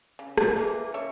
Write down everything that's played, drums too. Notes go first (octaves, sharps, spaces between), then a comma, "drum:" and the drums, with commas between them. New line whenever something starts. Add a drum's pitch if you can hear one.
C#3
drum: rim click
E3 A#3
C#3 C#5 E5